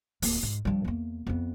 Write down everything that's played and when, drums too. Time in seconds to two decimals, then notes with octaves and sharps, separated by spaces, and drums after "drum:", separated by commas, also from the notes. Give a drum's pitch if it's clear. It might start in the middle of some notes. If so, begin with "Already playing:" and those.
0.22 D1 A#3, drum: open hi-hat
0.43 G#2
0.65 G2 F3
0.84 E2 A#3
1.27 F2 B3